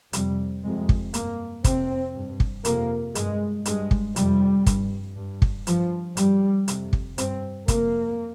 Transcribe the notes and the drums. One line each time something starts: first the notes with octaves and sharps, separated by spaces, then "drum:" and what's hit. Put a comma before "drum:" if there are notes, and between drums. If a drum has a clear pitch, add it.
F2 C3 G3, drum: hi-hat
F2 C3 G#3
drum: kick
G2 A#3, drum: hi-hat
F2 C3 C4, drum: kick, hi-hat
G2
drum: kick
F2 C3 A#3, drum: hi-hat
G2 G#3, drum: hi-hat
G2 G#3, drum: hi-hat
drum: kick
F2 C3 G3, drum: hi-hat
G2, drum: kick, hi-hat
G2
drum: kick
G2 F3, drum: hi-hat
G2 G3, drum: hi-hat
F2 C3, drum: hi-hat
drum: kick
G2 C4, drum: hi-hat
F2 C3 A#3, drum: kick, hi-hat